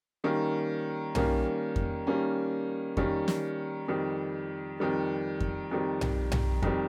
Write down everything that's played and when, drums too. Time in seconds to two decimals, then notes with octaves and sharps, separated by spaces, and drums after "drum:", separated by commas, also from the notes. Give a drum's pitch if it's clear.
0.24 D#3 G3 A#3 C#4
1.15 D#3 G3 A#3 C#4, drum: tom B1
1.76 drum: kick F2
2.07 D#3 G3 A#3 C#4
2.97 D#3 G3 A#3 C#4, drum: kick F2
3.28 drum: snare
3.88 F2 D#3 G3
4.80 F2 D#3 G3
5.40 drum: kick F2
5.71 F2 D#3 G3
6.01 drum: tom B1
6.32 drum: tom B1
6.63 F2 D#3 G3, drum: kick F2